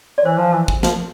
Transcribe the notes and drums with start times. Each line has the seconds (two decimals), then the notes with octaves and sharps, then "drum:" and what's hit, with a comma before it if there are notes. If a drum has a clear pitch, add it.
0.18 D5
0.25 E3 C5
0.38 F3
0.53 E3
0.68 drum: kick
0.83 F3, drum: snare